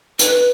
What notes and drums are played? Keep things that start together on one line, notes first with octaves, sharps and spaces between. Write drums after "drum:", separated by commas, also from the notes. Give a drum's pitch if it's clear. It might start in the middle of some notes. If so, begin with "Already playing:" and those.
B4, drum: hi-hat